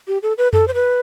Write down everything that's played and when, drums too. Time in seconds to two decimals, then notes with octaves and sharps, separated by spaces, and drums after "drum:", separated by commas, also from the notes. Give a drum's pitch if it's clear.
0.08 G4
0.23 A4
0.38 B4
0.53 A4, drum: tom F2
0.68 C5
0.74 B4